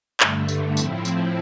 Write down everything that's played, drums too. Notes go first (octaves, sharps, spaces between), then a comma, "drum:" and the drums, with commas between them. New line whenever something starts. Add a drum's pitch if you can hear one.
G2 D3 A3, drum: clap
drum: tambourine
A2 F3 C4 E4, drum: tambourine
drum: tambourine